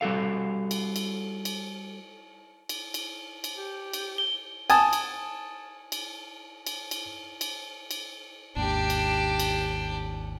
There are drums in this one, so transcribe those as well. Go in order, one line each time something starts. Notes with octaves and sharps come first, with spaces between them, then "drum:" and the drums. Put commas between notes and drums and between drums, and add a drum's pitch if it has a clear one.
G3 F#4 A4 F5
drum: cymbal
drum: cymbal
drum: cymbal
drum: cymbal
drum: cymbal
drum: cymbal
G4
drum: cymbal
G7
G#5 A5 D#6, drum: cymbal
drum: cymbal
drum: cymbal
drum: cymbal
drum: cymbal
drum: cymbal
drum: cymbal
G#1 D#2 D4 G4
drum: cymbal
drum: cymbal